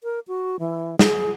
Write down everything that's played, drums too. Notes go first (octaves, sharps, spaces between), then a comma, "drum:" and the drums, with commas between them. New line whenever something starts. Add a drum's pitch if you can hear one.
A#4
F#4
E3
G#4, drum: snare